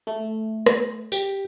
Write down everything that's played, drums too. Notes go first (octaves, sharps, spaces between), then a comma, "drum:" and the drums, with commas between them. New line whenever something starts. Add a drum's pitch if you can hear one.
A3
drum: rim click
G4, drum: tambourine